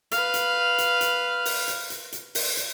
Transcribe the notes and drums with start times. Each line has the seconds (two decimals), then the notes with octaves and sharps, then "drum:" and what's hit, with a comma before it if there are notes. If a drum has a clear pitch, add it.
0.11 B4 F5, drum: hi-hat
0.34 drum: hi-hat
0.78 drum: hi-hat
1.01 drum: hi-hat
1.45 drum: open hi-hat
1.68 drum: hi-hat
1.90 drum: hi-hat
2.12 drum: hi-hat
2.35 drum: open hi-hat
2.57 drum: hi-hat